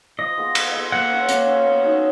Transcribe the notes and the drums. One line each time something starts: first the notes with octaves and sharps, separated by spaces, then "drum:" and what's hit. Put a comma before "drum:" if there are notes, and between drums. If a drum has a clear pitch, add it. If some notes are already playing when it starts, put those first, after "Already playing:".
F3 D#5
G#3 B3 F4
F3, drum: cymbal
G#3 B3 F4
A#3 F#5
C#4 F4
A#3, drum: hi-hat
C#4 F4
B3
D#4 F#4 C#5